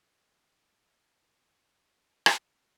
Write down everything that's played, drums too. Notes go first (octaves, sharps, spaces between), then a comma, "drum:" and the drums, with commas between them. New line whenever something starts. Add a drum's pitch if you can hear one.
A#3 B3 C#4 D4 F#4 G4
drum: rim click